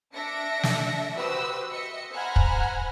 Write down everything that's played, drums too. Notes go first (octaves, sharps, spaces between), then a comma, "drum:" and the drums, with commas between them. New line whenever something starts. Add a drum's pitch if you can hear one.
D4 E5 A#6 C#7 D7
drum: snare
F#4 G4 B4 C5 D#6 E6
D#5 E5 C#7
C5 F#5 G#5 A#5 B5 F6
drum: kick